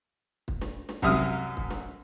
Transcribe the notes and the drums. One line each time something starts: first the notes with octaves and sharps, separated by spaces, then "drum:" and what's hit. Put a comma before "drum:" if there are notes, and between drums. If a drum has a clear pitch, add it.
drum: kick
drum: snare
drum: snare
C2 F#2 C3 E5 D#6 F6, drum: kick
drum: kick
drum: snare